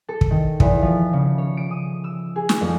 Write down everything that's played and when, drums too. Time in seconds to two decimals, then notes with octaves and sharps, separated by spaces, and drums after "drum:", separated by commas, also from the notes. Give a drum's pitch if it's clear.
0.09 A4
0.21 drum: kick
0.31 D#3
0.60 E2, drum: kick
0.82 F3
1.13 C#3
1.38 C#5
1.57 D7
1.71 D#6
2.04 E6
2.36 G#4
2.49 drum: snare
2.61 F2